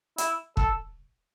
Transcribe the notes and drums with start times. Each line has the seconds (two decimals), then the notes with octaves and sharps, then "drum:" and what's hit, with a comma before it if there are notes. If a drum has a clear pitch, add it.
0.18 E4, drum: hi-hat
0.57 A4, drum: kick